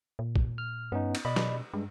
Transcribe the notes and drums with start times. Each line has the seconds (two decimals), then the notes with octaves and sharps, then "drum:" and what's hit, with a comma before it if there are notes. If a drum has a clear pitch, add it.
0.19 A#2
0.36 drum: kick
0.58 F6
0.92 G2 B3 C#4 D#4
1.15 drum: cymbal
1.25 B2 D5 D#5 B5
1.36 drum: snare
1.73 G2 G#3